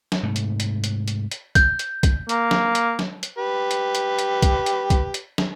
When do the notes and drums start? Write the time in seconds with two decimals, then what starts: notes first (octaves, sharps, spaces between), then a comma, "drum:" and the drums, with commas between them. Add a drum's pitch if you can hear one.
0.12 drum: snare
0.23 G#2 C3 A3
0.36 drum: hi-hat
0.60 drum: hi-hat
0.84 drum: hi-hat
1.08 drum: hi-hat
1.31 drum: hi-hat
1.55 G6, drum: kick, hi-hat
1.79 drum: hi-hat
2.03 drum: kick, hi-hat
2.29 A#3, drum: hi-hat
2.51 drum: snare
2.75 drum: hi-hat
2.99 drum: snare
3.23 drum: hi-hat
3.38 G4 B4
3.71 drum: hi-hat
3.95 drum: hi-hat
4.19 drum: hi-hat
4.42 drum: kick, hi-hat
4.66 drum: hi-hat
4.90 drum: kick, hi-hat
5.14 drum: hi-hat
5.38 drum: snare